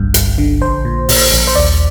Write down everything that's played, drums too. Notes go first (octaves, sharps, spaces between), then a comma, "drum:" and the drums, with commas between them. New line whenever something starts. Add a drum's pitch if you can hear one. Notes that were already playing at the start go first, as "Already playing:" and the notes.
Already playing: G1 C2 G2
G1, drum: hi-hat
D3
A#1 C5
A#2
A#2, drum: open hi-hat
A#1
C5
D#2 D5